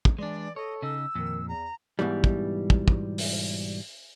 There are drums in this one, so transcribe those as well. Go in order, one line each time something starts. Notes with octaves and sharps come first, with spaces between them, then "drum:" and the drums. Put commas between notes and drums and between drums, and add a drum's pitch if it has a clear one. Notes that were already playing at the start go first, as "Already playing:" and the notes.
drum: kick
E3 G#3 D4 D5
A4 C#5 D#5
C#3 D#4 E6
F2 A#2 D#3
E2 A#5
G#2 B2 E3 G3
drum: kick
drum: kick
drum: kick
drum: open hi-hat